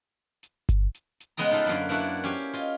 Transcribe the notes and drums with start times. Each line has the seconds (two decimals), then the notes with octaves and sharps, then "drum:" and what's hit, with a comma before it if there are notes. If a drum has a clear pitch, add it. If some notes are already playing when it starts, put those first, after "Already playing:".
0.43 drum: hi-hat
0.69 drum: kick G1, hi-hat
0.95 drum: hi-hat
1.20 drum: hi-hat
1.37 C#3 G#3 B3 D#5 G5 A#5
1.51 D#4 F4 A4 B4 F5
1.65 F#2 D3 A#3 B4 C5
1.89 A#3 B3 D4 E4 F#4
2.24 C#4 G4 C5, drum: hi-hat
2.53 F4 D#5